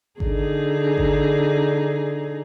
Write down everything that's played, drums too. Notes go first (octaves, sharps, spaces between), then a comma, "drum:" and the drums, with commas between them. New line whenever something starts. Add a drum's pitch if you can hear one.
D3 D#4 G#4, drum: kick G#1
drum: kick G#1